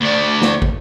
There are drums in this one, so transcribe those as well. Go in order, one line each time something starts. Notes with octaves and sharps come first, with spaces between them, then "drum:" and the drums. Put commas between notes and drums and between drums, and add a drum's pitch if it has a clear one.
D2 D5
drum: snare
drum: kick